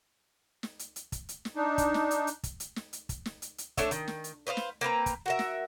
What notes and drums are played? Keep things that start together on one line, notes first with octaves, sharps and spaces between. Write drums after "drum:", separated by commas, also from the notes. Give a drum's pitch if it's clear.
drum: snare
drum: hi-hat
drum: hi-hat
drum: kick, hi-hat
drum: hi-hat
drum: snare
D4 D#4
drum: kick, hi-hat
drum: snare
drum: hi-hat
drum: hi-hat
drum: kick, hi-hat
drum: hi-hat
drum: snare
drum: hi-hat
drum: kick, hi-hat
drum: snare
drum: hi-hat
drum: hi-hat
A3 D4 C#5 E5, drum: kick, hi-hat
D#3, drum: hi-hat
drum: snare
drum: hi-hat
B4 C5 D5 F5
drum: snare
A#3 C4 B4 A#5
drum: kick, hi-hat
F#4 A#4 E5
drum: snare